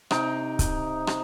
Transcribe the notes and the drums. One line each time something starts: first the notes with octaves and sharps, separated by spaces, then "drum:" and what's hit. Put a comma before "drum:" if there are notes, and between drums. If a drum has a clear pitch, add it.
C3 D#4 G5, drum: rim click
drum: kick C#1, hi-hat
drum: rim click